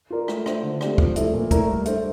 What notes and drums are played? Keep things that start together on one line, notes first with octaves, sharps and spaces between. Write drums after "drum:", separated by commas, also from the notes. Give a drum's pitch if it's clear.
F4 A#4 D5
A3, drum: rim click
D4 F4 C5 E5, drum: rim click
D3
A3 C4 G4 D5, drum: rim click
F3, drum: kick
A3 E4 A4 E5, drum: hi-hat
A#2
A3 E4 A#4 D5, drum: kick, hi-hat
G3
D4 A4 C5 E5, drum: hi-hat